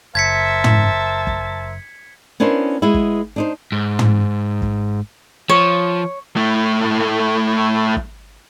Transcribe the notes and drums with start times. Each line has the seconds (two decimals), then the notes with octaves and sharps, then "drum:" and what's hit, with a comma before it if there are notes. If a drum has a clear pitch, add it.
0.15 F#1 A#4 C5 E5 A5 G#6 B6 C#7
0.64 drum: tom
1.27 drum: kick
2.40 B3 C#4 D4 E4 A#4 C5
2.82 G#3 B3 E4
2.94 drum: kick
3.36 D4 D#4 C5
3.72 G#2
3.99 drum: tom
4.62 drum: kick
5.49 F3 C#5
6.36 A2 A3
7.97 drum: kick